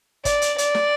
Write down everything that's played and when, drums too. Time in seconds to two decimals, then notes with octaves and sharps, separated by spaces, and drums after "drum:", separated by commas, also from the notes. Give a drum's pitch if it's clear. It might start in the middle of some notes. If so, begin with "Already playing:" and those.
0.25 D5, drum: kick, hi-hat
0.42 drum: hi-hat
0.58 D5, drum: hi-hat
0.75 drum: snare